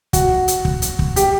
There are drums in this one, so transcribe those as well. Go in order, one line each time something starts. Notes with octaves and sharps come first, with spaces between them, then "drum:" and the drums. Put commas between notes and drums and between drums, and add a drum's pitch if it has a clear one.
F#4, drum: kick, hi-hat
drum: hi-hat
drum: kick
drum: hi-hat
drum: kick
G4, drum: hi-hat